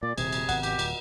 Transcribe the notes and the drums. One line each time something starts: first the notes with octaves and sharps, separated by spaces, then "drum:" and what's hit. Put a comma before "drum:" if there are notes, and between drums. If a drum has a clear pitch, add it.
A#2 D5
D#1 D#2 C3 G#4, drum: cymbal
drum: cymbal
G#1 B3 F#5, drum: cymbal
G4, drum: cymbal
D1, drum: cymbal